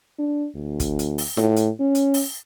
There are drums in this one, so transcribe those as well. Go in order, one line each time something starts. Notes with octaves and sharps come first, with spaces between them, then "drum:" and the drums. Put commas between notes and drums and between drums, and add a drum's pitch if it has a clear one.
D4
D2
drum: kick, hi-hat
drum: hi-hat
drum: open hi-hat
A2, drum: snare F4
drum: hi-hat
C#4
drum: hi-hat
drum: open hi-hat